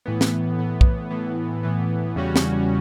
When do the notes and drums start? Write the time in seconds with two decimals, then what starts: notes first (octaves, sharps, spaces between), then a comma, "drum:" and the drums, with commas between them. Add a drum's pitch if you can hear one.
0.06 A2 E3 B3
0.21 drum: snare
0.58 A2 E3 B3
0.81 drum: kick
1.10 A2 E3 B3
1.63 A2 E3 B3
2.16 E2 C#3 G3 C#4 F#4
2.36 drum: snare